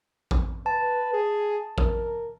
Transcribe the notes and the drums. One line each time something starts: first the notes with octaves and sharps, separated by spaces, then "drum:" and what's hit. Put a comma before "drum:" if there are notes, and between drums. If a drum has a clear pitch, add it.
drum: kick A1
B4 A5
G#4
A#4, drum: kick A1